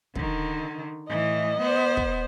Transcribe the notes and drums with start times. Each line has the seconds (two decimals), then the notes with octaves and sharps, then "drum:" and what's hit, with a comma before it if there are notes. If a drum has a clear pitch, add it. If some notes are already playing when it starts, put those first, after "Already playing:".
0.15 D3 D#3, drum: kick
1.09 A2 E3 D#5
1.60 B3 C5
1.97 drum: kick